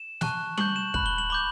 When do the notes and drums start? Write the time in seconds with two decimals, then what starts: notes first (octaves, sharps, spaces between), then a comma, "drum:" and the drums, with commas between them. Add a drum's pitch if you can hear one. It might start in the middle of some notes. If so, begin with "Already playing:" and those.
Already playing: E7
0.21 A5 C#6 F#6, drum: snare
0.58 C#6 G6 F#7, drum: tom G3
0.76 E7
0.94 B5 F#6 F#7, drum: kick
1.06 G7
1.18 F#7
1.30 B5 D6 G6 G7